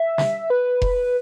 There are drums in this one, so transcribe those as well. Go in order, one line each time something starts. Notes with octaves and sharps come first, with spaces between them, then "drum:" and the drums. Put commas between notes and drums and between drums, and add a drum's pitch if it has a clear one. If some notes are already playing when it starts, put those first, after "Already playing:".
Already playing: E5
drum: snare
B4
drum: kick F1